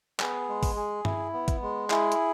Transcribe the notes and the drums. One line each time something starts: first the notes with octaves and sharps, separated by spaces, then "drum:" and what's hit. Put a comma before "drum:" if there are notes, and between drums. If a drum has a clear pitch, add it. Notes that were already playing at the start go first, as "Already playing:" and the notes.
B3 G#4, drum: clap
G#3
drum: kick G#1, open hi-hat
G#4
E4, drum: tom G2
B3
drum: kick G#1, hi-hat
G#3
E4 G#4, drum: clap
drum: hi-hat